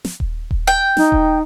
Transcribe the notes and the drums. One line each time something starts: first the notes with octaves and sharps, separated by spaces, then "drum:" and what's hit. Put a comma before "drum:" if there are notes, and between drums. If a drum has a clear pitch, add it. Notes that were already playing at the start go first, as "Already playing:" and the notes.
drum: snare
drum: kick D#1
drum: kick D#1
G5
D#4, drum: snare
drum: kick D#1